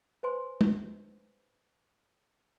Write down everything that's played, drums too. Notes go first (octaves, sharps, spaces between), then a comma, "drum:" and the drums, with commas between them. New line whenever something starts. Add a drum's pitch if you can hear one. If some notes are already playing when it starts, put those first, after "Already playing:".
B4 C5 G#5 C6
drum: tom